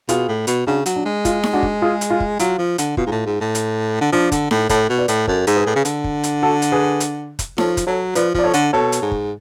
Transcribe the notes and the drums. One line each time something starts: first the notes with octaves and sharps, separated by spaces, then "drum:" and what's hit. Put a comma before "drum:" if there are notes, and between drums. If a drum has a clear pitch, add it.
B2 F4 G#4, drum: hi-hat
A2
B2, drum: hi-hat
C#3 D4 F#4
F#3, drum: hi-hat
D4
G#3
F4, drum: kick, hi-hat
drum: snare D#4
D4 F#4
drum: kick
F4 G#4
drum: hi-hat
F4
drum: kick
F#3 F4, drum: hi-hat
F3
D3, drum: hi-hat
B2 F4, drum: kick
G#2
A2
G#2
A2
drum: hi-hat
D3
F3 D4
D3, drum: kick, hi-hat
A2, drum: snare D#4
A2 A4 C#5, drum: kick, hi-hat
B2
B4 D5
A2, drum: hi-hat
F#2 A4 C#5, drum: kick
G#2, drum: hi-hat
G#4 B4
A2
C#3
D3, drum: hi-hat
drum: kick
drum: hi-hat
F#4 A4
drum: hi-hat
G#4 B4
drum: hi-hat
drum: kick, hi-hat
F3 A4 C#5, drum: snare D#4
drum: kick, hi-hat
F#3 A4 C#5
F3 B4 D5, drum: hi-hat
F3 D5, drum: kick
A4 C#5
D3, drum: hi-hat
B2 A4 C#5
drum: hi-hat
G#2
drum: kick